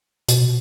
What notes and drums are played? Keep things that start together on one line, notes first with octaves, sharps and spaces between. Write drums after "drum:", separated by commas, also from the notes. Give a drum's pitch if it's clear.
B2, drum: hi-hat